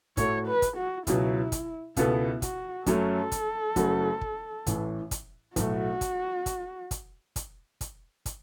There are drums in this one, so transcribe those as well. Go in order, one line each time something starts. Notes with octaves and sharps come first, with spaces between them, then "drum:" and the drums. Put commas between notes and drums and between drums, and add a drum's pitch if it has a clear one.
A2 A3 F#4 A4 C#5, drum: kick, hi-hat
B4
drum: kick, hi-hat
F#4
C#2 B2 F#3 E4, drum: kick, hi-hat
drum: kick, hi-hat
C#2 B2 B3 E4 A4, drum: kick, hi-hat
F#4, drum: kick, hi-hat
F#2 F#3 A3 C#4 A4, drum: kick, hi-hat
drum: kick, hi-hat
F#1 F#2 F#3 A3 F#4, drum: kick, hi-hat
drum: kick
A1 A2 E3, drum: kick, hi-hat
drum: kick, hi-hat
B1 A2 A3 F#4, drum: kick, hi-hat
drum: kick, hi-hat
drum: kick, hi-hat
drum: kick, hi-hat
drum: kick, hi-hat
drum: kick, hi-hat
drum: kick, hi-hat